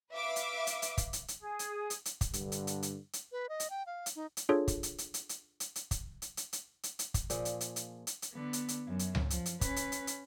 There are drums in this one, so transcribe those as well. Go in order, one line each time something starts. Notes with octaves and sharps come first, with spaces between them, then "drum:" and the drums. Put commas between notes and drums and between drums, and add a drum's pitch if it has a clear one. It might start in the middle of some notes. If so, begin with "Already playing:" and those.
B4 E5 F5 D6
drum: hi-hat
drum: hi-hat
drum: hi-hat
drum: kick, hi-hat
drum: hi-hat
drum: hi-hat
G#4
drum: hi-hat
drum: hi-hat
drum: hi-hat
drum: kick, hi-hat
G2 D3, drum: hi-hat
drum: hi-hat
drum: hi-hat
drum: hi-hat
drum: hi-hat
B4
D#5
drum: hi-hat
G5
F5
drum: hi-hat
D#4
drum: hi-hat
D4 F4 G#4 A4 C#5
drum: kick, hi-hat
drum: hi-hat
drum: hi-hat
drum: hi-hat
drum: hi-hat
drum: hi-hat
drum: hi-hat
drum: kick, hi-hat
drum: hi-hat
drum: hi-hat
drum: hi-hat
drum: hi-hat
drum: hi-hat
drum: kick, hi-hat
A#2 F3 G#4, drum: hi-hat
drum: hi-hat
drum: hi-hat
drum: hi-hat
drum: hi-hat
drum: hi-hat
D3 B3
drum: hi-hat
drum: hi-hat
F#2
drum: hi-hat
drum: tom C#2
F3, drum: hi-hat
drum: hi-hat
C#4 B4, drum: kick, hi-hat
drum: hi-hat
drum: hi-hat
drum: hi-hat